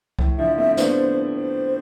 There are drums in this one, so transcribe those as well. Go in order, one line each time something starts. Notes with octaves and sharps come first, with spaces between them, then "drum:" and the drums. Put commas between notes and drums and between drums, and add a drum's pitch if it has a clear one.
A2, drum: kick C2
D3 F3 E5
A3 C4 E5
B3 D4 C5, drum: snare
C5